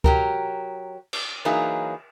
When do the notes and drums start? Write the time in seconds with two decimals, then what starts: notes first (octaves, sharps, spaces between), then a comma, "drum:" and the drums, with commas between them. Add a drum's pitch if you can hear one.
0.04 F#3 G4 A#4, drum: kick C#2
1.13 drum: cymbal
1.45 E3 F#3 A#3 D#4 G#4